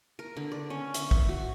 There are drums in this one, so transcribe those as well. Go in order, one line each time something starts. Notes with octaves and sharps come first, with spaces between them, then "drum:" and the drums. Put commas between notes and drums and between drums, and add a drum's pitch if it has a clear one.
A#4
D3
D5
C#4
E5, drum: hi-hat
drum: kick A#1
F#4